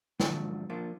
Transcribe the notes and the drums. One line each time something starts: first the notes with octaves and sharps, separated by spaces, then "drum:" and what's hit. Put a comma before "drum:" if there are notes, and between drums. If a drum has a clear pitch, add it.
G#2 F3 F#3 D4, drum: snare
F3 A#3 D4 F4